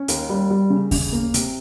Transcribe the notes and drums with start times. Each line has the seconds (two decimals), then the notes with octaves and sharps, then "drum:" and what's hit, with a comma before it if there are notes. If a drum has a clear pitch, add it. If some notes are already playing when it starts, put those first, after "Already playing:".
Already playing: C#4
0.08 D#2, drum: hi-hat
0.29 G3
0.50 G3
0.70 C#3
0.91 C#3, drum: kick D#2, open hi-hat
1.12 A#3
1.34 C3, drum: hi-hat